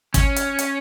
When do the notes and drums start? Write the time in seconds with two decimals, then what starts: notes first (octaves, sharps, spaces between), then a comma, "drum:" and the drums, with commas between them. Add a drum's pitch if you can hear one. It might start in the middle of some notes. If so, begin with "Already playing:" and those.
0.14 C#4, drum: kick, hi-hat
0.36 drum: hi-hat
0.59 drum: hi-hat